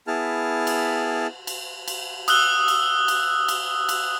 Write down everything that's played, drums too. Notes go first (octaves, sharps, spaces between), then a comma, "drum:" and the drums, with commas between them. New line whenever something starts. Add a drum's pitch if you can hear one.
B3 E4 G#4 A5 F6
drum: cymbal
drum: cymbal
drum: cymbal
D#6 E6 F#6 G7, drum: cymbal
drum: cymbal
drum: cymbal
drum: cymbal
drum: cymbal